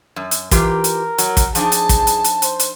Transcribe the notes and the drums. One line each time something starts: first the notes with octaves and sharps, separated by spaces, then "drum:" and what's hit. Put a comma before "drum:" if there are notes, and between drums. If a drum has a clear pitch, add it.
F#2
drum: hi-hat
E3 F4 G4 A#4, drum: kick, hi-hat
drum: hi-hat
F#3, drum: hi-hat
drum: kick, hi-hat
F3 D4 D#4 G#4 A5, drum: hi-hat
drum: hi-hat
drum: kick, hi-hat
drum: hi-hat
drum: hi-hat
C5, drum: hi-hat
drum: hi-hat